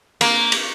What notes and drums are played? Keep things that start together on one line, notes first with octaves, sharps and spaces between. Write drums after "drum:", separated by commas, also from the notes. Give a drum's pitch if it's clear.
A#3, drum: cymbal
drum: cymbal